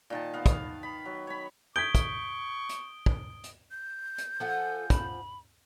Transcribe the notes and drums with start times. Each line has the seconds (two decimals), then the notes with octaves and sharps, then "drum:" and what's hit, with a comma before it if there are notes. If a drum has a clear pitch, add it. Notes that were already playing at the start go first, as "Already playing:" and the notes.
0.10 A#2 D#3 A5
0.34 B3 F5
0.46 drum: kick, hi-hat
0.83 B5
1.05 F#3
1.27 C#5 B5
1.76 C#6 D#6 G6 G#6 B6 D7 G7
1.95 drum: kick, hi-hat
2.69 drum: hi-hat
3.06 drum: kick
3.44 drum: hi-hat
3.71 G6
4.18 drum: hi-hat
4.40 F3 A4 F#5 G#5
4.90 B5, drum: kick, hi-hat